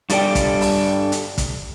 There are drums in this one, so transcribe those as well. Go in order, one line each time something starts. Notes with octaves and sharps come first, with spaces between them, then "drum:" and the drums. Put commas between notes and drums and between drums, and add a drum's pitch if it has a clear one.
G2 G3 A4 D5 G5, drum: hi-hat
drum: kick, hi-hat
drum: open hi-hat
drum: hi-hat
drum: kick, hi-hat